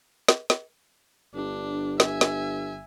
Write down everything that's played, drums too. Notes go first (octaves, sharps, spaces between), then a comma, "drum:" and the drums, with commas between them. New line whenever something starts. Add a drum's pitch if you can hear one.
drum: snare
drum: snare
G1 D4
E5 G#5, drum: snare
drum: snare